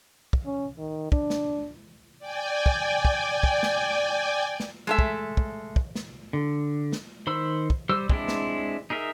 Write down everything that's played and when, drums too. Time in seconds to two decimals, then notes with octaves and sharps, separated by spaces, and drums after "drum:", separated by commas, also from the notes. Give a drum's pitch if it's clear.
0.33 drum: kick
0.46 C#4
0.78 D#3
1.12 D4, drum: kick
1.30 drum: snare
2.19 D5 G5 G#5
2.66 drum: kick
3.05 drum: kick
3.43 drum: kick
3.63 drum: snare
4.60 drum: snare
4.87 G#3 A3 E5
4.99 drum: kick
5.37 drum: kick
5.76 drum: kick
5.95 drum: snare
6.33 D3
6.92 drum: snare
7.27 D#3 C5 B5 E6
7.70 drum: kick
7.89 G3 C5 E6
8.09 G#3 C4 D4 E4, drum: kick
8.28 drum: snare
8.90 D#4 G#4 A#4 E5